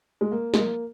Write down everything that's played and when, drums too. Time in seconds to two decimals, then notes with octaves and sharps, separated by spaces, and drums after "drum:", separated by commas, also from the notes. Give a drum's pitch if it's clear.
0.21 G#3
0.31 A#3
0.54 G#3, drum: snare
0.58 A#3